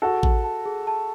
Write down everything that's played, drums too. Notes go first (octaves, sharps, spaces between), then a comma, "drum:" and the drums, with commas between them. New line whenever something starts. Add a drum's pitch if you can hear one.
F#4 G#4 A4
A5, drum: kick A1
A5
G#4
A5